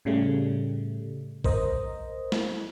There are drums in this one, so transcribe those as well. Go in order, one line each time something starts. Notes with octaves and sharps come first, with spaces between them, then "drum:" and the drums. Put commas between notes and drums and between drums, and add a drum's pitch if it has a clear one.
A2 C#3 G3 A3
A#4 C5 D#5, drum: kick A1
drum: snare